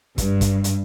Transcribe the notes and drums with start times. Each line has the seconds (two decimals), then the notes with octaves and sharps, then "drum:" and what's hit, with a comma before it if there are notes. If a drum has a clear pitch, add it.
0.18 G2, drum: kick, hi-hat
0.41 drum: kick, hi-hat
0.64 drum: hi-hat